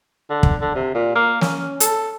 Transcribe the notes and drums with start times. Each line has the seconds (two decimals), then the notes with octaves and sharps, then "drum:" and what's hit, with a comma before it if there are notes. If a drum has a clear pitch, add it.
0.30 D3
0.43 drum: kick
0.61 D3
0.75 C3
0.94 A#2
1.15 A#3
1.41 C#4, drum: snare
1.80 A4, drum: hi-hat